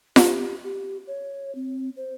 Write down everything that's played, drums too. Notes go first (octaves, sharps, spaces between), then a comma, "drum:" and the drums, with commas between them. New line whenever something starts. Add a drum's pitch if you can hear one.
G4, drum: snare F4
G4
C#5
C4
C5